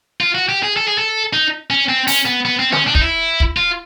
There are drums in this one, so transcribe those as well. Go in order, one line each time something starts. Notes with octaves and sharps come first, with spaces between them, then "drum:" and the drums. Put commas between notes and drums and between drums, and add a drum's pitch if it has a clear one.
F4
F#4
G4
G#4
A4
G#4
A4
D#4
C#4
C4
C#4, drum: open hi-hat
B3
B3
C4
C#4, drum: snare
D4
D#4, drum: kick
E4
drum: kick
F4